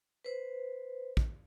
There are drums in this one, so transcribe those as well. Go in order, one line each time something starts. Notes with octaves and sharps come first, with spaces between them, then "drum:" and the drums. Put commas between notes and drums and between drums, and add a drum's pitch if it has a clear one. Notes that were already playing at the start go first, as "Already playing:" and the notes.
B4 C5
drum: kick